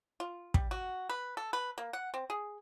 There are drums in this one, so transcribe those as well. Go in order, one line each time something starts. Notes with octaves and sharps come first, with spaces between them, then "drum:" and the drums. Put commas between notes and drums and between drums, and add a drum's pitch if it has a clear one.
F4
G3, drum: kick
F#4
B4
A4
B4
A#3
F#5
C4
G#4